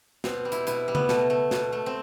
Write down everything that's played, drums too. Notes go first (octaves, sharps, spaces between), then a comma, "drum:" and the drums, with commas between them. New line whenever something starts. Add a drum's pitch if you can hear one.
B2 C4, drum: snare
G3
E4, drum: hi-hat
B2 E4, drum: hi-hat
G3
B3, drum: tom C#3
B2 A3, drum: snare
A3
B2, drum: snare
A3
C4